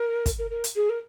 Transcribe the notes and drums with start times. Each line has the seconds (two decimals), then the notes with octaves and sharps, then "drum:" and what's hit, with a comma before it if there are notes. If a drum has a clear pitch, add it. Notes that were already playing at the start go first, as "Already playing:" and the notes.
Already playing: A#4
0.26 drum: kick, hi-hat
0.39 A#4
0.51 A#4
0.64 drum: hi-hat
0.76 G#4
0.89 A#4